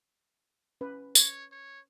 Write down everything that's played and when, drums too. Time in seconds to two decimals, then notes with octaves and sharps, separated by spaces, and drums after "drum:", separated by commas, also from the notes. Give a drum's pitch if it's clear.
0.81 C#4 B4
1.15 C#5, drum: tambourine
1.52 C#5